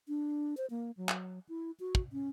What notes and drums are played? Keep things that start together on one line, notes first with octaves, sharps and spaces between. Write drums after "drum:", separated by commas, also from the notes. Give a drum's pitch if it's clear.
D4
C5
A#3
F#3
drum: clap
E4
F#4
drum: kick
C#4